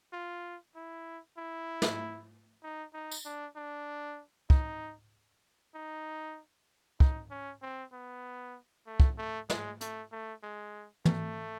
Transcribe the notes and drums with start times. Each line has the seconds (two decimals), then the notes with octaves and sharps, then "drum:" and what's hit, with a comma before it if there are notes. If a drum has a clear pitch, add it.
0.13 F4
0.76 E4
1.38 E4
1.82 drum: snare
2.63 D#4
2.94 D#4
3.11 drum: tambourine
3.26 D4
3.56 D4
4.50 D#4, drum: kick
5.75 D#4
7.00 D#4, drum: kick
7.31 C#4
7.62 C4
7.93 B3
8.87 A3
9.00 drum: kick
9.18 A3
9.50 G#3, drum: snare
9.81 A3, drum: hi-hat
10.12 A3
10.43 G#3
11.05 A3, drum: tom